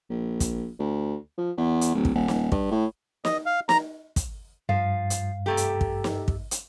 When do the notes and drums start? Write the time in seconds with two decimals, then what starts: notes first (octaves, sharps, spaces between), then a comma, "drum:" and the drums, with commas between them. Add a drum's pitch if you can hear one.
0.10 A#1
0.40 drum: kick, hi-hat
0.79 D2
1.38 F3
1.58 E2
1.81 drum: hi-hat
1.94 D1
2.05 drum: kick
2.15 D#1
2.28 drum: snare
2.52 G2, drum: kick
2.71 A2
3.25 D#5, drum: snare
3.46 F5
3.69 A#5, drum: snare
4.16 drum: kick, hi-hat
4.69 G2 F3 F5 C7
5.10 drum: hi-hat
5.46 C3 A3 G4 A4 G5 A#5
5.57 drum: hi-hat
5.81 drum: kick
6.04 drum: snare
6.28 drum: kick
6.51 drum: hi-hat